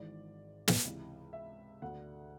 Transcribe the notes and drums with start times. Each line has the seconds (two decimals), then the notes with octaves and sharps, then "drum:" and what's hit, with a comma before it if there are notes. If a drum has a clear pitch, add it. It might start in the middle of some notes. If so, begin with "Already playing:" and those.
Already playing: G#1 G#2 E3 D5
0.68 drum: snare
0.85 C#2 C3 E3
1.33 E5
1.82 D2 D3 F#5